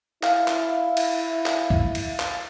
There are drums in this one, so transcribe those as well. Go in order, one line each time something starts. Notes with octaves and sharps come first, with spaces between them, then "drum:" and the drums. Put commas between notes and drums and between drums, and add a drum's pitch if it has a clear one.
E4 F5, drum: clap
drum: clap
drum: cymbal
drum: clap
drum: kick
drum: cymbal
drum: clap